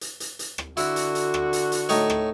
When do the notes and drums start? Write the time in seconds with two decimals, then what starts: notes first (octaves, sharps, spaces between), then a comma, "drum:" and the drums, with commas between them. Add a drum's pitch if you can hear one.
0.01 drum: hi-hat
0.20 drum: hi-hat
0.39 drum: hi-hat
0.58 drum: rim click
0.77 D3 E4 F#4, drum: hi-hat
0.96 drum: hi-hat
1.15 drum: hi-hat
1.34 drum: rim click
1.53 drum: hi-hat
1.72 drum: hi-hat
1.89 A2 D#4 C#5, drum: hi-hat
2.10 drum: rim click